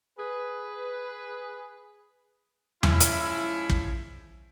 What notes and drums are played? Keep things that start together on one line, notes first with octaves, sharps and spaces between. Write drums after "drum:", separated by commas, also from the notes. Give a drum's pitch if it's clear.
G#4 B4
F3 G#3 C#4 E4, drum: tom E2
drum: hi-hat
drum: kick